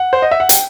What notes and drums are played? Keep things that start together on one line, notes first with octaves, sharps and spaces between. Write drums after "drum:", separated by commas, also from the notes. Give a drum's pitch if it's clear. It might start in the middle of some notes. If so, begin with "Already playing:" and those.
Already playing: F#5
C5
D#5
E5
F#5
G5, drum: hi-hat